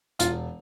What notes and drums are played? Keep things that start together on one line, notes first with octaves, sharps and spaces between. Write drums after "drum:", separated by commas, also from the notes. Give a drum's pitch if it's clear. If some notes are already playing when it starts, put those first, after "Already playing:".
E1 F4, drum: hi-hat